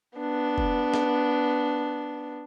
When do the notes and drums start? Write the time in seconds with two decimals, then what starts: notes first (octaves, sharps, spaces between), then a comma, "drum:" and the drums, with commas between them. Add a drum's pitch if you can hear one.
0.18 B3 D4
0.58 drum: kick
0.94 drum: snare